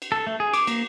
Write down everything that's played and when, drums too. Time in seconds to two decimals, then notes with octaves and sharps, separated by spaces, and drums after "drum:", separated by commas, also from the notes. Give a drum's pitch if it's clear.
0.02 drum: cymbal
0.12 A4
0.27 A3
0.40 G#4
0.54 D6, drum: cymbal
0.67 A#3, drum: cymbal